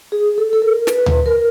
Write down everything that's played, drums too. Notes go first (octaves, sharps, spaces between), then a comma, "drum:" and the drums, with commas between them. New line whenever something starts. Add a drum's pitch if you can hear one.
G#4
A4
A4
A#4
B4, drum: snare
drum: tom D2
A#4